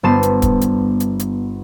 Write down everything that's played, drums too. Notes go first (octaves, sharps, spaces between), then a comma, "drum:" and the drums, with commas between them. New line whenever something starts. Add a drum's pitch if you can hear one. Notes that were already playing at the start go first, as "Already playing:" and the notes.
G1 B3 C5 A5 C6 E7
drum: hi-hat
drum: kick, hi-hat
drum: hi-hat
drum: hi-hat
drum: hi-hat